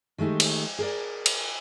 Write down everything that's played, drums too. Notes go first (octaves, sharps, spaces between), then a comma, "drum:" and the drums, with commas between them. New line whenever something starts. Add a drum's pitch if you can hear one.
D#3 G#3 A3 D#4 G4
drum: cymbal
G#4 A#4 D5
drum: cymbal